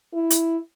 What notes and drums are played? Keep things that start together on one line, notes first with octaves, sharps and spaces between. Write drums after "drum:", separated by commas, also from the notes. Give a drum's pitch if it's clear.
E4
drum: hi-hat